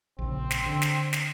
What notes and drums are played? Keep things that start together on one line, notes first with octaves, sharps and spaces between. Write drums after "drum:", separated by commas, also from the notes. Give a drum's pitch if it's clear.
A#1 C#3 C4
drum: snare
D3
drum: snare
drum: snare